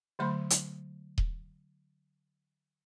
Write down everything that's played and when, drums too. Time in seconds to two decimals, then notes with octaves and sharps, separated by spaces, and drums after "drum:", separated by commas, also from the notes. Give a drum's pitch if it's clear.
0.19 D3 F#3 A3 B5 C6
0.50 drum: hi-hat
1.18 drum: kick D#1